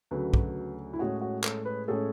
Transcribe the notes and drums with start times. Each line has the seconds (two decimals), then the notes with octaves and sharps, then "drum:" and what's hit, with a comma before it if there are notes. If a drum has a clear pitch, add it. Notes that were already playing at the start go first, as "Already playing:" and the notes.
0.11 D2 C#3 F#3 A3 B4
0.34 drum: kick
0.93 E4
0.99 A2 G#3 C#4 F#4 G#4 C#5
1.21 F#4
1.44 A4, drum: clap
1.65 B4
1.88 A2 G#3 C#4 G#4 A4 C#5